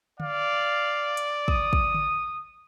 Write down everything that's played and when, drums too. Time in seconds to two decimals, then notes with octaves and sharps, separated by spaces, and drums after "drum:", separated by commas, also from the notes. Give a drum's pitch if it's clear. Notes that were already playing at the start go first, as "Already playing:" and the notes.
0.20 D5 F5, drum: tom D3
1.17 drum: hi-hat
1.48 D#6, drum: kick
1.73 drum: kick
1.94 drum: tom D3